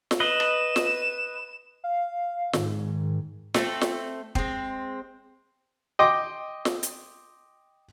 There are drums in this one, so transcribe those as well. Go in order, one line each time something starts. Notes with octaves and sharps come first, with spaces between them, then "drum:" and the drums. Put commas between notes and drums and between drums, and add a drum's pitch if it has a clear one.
drum: snare
B4 D#5 E7
drum: rim click
drum: snare
F5
G#2 D#3, drum: snare
A3 C4 F4 A4, drum: snare
drum: snare
G#3 C4, drum: kick
D#5 G5 C6 D6
drum: snare
drum: hi-hat